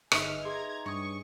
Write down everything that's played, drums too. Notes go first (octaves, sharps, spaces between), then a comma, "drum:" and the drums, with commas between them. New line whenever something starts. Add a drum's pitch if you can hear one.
G1 D#4 G#4 B4 E5 F6, drum: rim click
G#4 A#5 C6 D6 G#6
G2 C#5 C#6 D#6